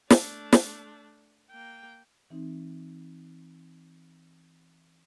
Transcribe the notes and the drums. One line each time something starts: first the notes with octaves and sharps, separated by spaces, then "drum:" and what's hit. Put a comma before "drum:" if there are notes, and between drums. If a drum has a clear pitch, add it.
A3 D4, drum: snare
drum: snare
A#3 G5
E3 C4 D#4